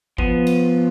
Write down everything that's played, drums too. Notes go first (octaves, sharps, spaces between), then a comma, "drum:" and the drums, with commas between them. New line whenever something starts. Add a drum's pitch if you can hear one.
F3 B3, drum: kick
drum: cymbal